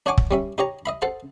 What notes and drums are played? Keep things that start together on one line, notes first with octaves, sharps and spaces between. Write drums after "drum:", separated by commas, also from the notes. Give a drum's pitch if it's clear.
D4 C#5 F#5 G#5 C#6 D6
drum: kick
G3 C#4 E5
D#4 G4 C#5 A#5
D#5 E5 B5
A4 C5 F#5 A5